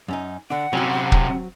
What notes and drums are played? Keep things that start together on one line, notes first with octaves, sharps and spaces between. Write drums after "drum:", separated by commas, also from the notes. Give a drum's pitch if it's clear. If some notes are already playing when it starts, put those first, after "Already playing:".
F#2 C#4 D#4
D3 D4 F#5
C3 F#3 C4 C#4 F#4
drum: kick